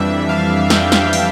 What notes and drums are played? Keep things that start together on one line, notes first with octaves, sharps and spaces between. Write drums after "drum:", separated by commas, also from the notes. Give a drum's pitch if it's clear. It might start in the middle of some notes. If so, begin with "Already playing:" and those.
Already playing: F2 E3 G3 D4 E5
F5
G5, drum: snare
drum: snare
drum: open hi-hat